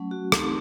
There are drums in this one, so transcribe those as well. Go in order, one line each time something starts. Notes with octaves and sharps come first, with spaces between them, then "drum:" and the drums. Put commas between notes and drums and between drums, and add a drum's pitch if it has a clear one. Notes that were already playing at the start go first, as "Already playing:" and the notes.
Already playing: F#3 A3 C#4
F#4
A3 C4 D#4 G4, drum: rim click